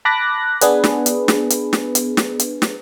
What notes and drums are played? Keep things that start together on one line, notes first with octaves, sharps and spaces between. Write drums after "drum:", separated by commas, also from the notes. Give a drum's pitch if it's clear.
A5 B5 D6 F#6 A#6
B3 D4 G#4 B4, drum: hi-hat
drum: snare
drum: hi-hat
drum: snare
drum: hi-hat
drum: snare
drum: hi-hat
drum: snare
drum: hi-hat
drum: snare